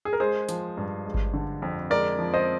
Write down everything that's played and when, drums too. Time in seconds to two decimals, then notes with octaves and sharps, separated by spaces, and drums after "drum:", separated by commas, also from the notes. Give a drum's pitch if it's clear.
0.05 G#4
0.13 A#4
0.20 G#3 G#4 C5
0.49 F3, drum: hi-hat
0.77 G2
1.05 G#3
1.14 drum: kick G#1
1.33 D3
1.62 F2
1.91 G#3 A#4 D5
2.19 F3
2.34 C5 D#5